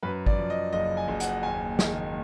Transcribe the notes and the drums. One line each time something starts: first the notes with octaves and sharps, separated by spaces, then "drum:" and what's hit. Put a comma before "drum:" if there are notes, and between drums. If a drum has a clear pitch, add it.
F#2 B4
D5, drum: kick
F3
D#5
F#1 D#5
G#5
F#1
F#5, drum: hi-hat
D#2 G#5
D#3, drum: snare